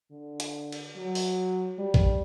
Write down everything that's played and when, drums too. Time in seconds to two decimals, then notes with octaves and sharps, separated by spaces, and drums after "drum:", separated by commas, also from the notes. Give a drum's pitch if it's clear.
0.11 D3
0.40 drum: hi-hat
0.72 drum: cymbal
0.96 F#3
1.15 drum: open hi-hat
1.79 G3
1.94 drum: kick A#1